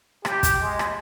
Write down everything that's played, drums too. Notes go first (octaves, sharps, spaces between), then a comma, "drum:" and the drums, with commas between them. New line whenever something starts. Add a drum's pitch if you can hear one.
G4, drum: rim click
drum: kick, hi-hat
G#3
drum: rim click